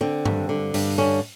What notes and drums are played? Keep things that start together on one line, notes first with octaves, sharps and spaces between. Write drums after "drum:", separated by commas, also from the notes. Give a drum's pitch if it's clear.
D3 C4
G2, drum: tom G2
D3
G2, drum: open hi-hat
D3 C#4